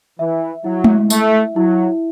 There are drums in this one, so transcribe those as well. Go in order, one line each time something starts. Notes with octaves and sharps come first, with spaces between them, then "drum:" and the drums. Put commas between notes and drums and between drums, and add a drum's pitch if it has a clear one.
E3 E5
F#3 E4
drum: tom G#3
A3 E5, drum: tambourine
F#3 E4